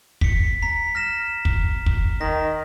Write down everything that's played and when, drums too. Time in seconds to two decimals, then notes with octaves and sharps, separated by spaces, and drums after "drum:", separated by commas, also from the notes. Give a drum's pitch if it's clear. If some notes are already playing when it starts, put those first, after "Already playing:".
0.21 B6 C#7, drum: kick
0.62 A#5 B6
0.95 F6 A#6 E7
1.45 drum: kick
1.86 drum: kick
2.21 D#3 A#6